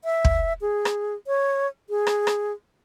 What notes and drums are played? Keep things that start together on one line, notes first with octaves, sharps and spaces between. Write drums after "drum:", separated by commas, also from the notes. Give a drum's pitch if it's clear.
E5
drum: kick
G#4
drum: rim click
C#5
G#4
drum: rim click
drum: rim click